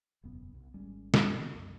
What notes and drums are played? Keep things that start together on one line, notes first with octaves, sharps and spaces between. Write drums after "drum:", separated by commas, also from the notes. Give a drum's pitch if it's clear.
E1 C#2 F#2 B3
C2
G#1 G3 G#3 C#4
drum: snare
D#3 E3 C4
C2 F#2